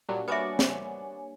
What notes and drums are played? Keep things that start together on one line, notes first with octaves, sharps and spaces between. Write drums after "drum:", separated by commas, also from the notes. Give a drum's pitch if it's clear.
A#2 F#3 G3 A#3 D4
B3 F#4 B4 C#5 D5 E5 G#5
drum: snare